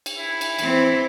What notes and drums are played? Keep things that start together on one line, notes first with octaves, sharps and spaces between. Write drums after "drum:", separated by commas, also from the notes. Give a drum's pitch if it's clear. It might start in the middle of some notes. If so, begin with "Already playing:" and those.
drum: cymbal
E4
drum: cymbal
E3 C4, drum: cymbal